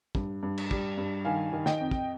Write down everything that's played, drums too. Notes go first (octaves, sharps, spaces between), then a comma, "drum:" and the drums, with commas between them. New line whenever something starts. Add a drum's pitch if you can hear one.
G2, drum: kick
G2
drum: cymbal
G3, drum: kick
G2
D#3 F5 G#5
D#3
D#5 G5, drum: snare
F2
drum: kick